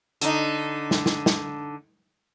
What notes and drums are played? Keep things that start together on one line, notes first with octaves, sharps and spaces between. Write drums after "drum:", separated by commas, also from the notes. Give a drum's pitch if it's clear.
D3 D#4, drum: hi-hat
drum: snare
drum: snare
drum: snare